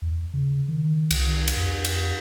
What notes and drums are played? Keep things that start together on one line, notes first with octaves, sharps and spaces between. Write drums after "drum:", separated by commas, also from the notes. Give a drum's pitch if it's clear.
E2
C#3
D#3
C2, drum: cymbal
drum: cymbal
F2
drum: cymbal